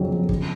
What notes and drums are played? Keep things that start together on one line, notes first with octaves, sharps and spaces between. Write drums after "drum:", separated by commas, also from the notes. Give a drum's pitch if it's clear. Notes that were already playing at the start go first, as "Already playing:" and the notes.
Already playing: F2 C#3 F#3
F2
C#3, drum: kick